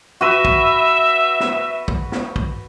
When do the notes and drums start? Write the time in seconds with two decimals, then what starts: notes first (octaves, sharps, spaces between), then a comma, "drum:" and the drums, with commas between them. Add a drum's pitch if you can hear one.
0.21 F#4 B4 E5
0.45 drum: kick
1.40 drum: snare
1.88 drum: kick
2.12 drum: snare
2.36 drum: kick